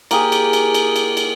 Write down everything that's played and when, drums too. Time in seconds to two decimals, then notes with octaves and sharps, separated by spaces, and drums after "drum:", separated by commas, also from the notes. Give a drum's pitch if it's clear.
0.11 A#3 G4 G#4, drum: cymbal
0.32 drum: cymbal
0.53 drum: cymbal
0.74 drum: cymbal
0.96 drum: cymbal
1.17 drum: cymbal